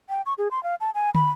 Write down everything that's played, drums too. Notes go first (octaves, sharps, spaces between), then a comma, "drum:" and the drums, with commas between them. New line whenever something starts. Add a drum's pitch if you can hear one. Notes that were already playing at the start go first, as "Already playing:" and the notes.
G5
C#6
G#4
C6
F5
A5
G#5
B5, drum: tom